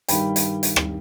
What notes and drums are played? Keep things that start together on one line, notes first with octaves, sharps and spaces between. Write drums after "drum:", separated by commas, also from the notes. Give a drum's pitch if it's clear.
G2 D#3 G3 G5 B5, drum: hi-hat
drum: hi-hat
drum: hi-hat
drum: rim click